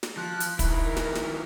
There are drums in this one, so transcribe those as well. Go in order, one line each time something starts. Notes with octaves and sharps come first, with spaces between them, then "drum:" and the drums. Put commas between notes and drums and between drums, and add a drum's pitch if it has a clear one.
drum: snare
F3 F#6
drum: hi-hat
D#3 E4 B5, drum: kick, hi-hat
A#4
drum: snare
drum: snare